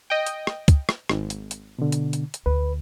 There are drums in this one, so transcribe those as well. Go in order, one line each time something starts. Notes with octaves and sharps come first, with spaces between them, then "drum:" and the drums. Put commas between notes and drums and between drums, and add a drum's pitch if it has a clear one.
D#5 G5
drum: hi-hat
drum: rim click
drum: kick, hi-hat
drum: rim click
G#1, drum: rim click
drum: hi-hat
drum: hi-hat
B2 D3
drum: hi-hat
drum: hi-hat
drum: hi-hat
D2 B4